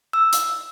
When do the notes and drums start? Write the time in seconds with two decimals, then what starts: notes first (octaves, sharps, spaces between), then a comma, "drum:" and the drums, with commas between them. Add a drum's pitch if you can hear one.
0.13 E6
0.33 drum: hi-hat